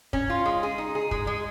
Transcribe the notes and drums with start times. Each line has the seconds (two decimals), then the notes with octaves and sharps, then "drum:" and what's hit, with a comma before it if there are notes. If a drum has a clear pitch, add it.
0.13 C#4, drum: kick
0.30 F4
0.45 G#3
0.63 G#4
0.78 D#4
0.95 G#4
1.11 G#3, drum: kick
1.27 G#3